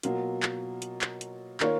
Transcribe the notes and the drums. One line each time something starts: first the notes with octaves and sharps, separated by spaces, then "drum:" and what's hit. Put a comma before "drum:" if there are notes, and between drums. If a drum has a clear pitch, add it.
B2 F#3 A#3 F4, drum: hi-hat
drum: clap
drum: hi-hat
drum: clap
drum: hi-hat
D#3 A#3 F4 A#4 C#5, drum: clap